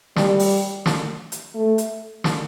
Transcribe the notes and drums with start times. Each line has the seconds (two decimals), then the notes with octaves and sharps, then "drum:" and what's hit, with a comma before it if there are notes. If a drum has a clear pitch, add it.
0.16 G3, drum: snare
0.39 drum: open hi-hat
0.86 drum: snare
1.32 drum: hi-hat
1.55 A3
1.78 drum: hi-hat
2.24 drum: snare